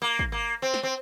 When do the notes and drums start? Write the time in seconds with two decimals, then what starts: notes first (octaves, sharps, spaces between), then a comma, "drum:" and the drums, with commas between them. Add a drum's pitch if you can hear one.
0.02 A#3
0.19 drum: kick
0.32 A#3
0.62 C4
0.74 drum: snare
0.83 C4